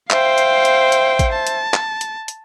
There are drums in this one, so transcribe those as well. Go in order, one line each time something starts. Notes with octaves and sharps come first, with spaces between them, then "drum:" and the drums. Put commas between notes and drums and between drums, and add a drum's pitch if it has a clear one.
C5 E5 F5 G5, drum: clap
drum: hi-hat
drum: hi-hat
drum: hi-hat
drum: kick, hi-hat
A5
drum: hi-hat
drum: clap
drum: hi-hat
drum: hi-hat